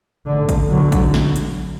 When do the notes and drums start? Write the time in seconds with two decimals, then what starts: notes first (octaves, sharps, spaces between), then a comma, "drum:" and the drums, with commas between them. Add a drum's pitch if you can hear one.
0.27 A1 G#2 D3
0.49 drum: kick A1, hi-hat
0.70 B1 B2 D3 F#3
0.92 drum: kick A1, hi-hat
1.14 drum: snare
1.36 drum: hi-hat